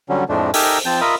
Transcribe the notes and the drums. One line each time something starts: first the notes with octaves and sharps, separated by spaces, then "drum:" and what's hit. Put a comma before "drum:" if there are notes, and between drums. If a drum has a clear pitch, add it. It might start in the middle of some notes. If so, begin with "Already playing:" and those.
D3 F#3 G3 C#4
F2 A2 F3 G#3 A3 D4
D#4 G4 A4 A#4 E5 G#5, drum: open hi-hat
F3 C4 A5 G6
F4 A#4 D#5 E5 B5 D#6